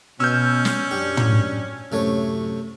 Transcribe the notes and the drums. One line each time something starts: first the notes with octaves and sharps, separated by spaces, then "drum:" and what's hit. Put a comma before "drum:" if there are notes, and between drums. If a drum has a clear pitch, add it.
B2 C#4 E6 F6 G6
drum: snare
F#2 D4 G4
drum: tom
F#2 A2 C3 A3 C#5